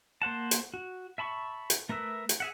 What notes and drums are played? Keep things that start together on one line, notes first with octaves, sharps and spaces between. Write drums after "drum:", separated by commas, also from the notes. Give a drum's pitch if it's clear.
A#3 C5 F#5 A5
drum: hi-hat
F#4
E5 A5 B5 C#6
drum: hi-hat
A3 A#4 B4 E5
drum: hi-hat
G#4 E5 F#5